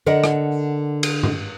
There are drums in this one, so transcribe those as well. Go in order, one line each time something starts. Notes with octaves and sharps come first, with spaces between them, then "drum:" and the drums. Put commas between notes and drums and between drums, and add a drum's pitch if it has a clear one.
D3 A#4 D5 D#5 F#5
drum: rim click
drum: cymbal
drum: tom G2